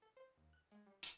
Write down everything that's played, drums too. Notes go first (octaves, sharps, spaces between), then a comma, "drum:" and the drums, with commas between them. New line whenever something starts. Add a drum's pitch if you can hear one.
A4
C5
D#2
F#6
G#3
G3
drum: hi-hat